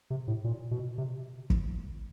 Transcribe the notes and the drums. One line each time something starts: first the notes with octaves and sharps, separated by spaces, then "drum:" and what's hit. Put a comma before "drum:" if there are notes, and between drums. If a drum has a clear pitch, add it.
C3
A2
A#2
B2
C3
drum: kick